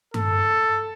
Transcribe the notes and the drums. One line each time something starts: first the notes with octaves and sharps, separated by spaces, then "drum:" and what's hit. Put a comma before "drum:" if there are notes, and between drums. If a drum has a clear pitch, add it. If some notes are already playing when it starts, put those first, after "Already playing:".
A4, drum: tom G2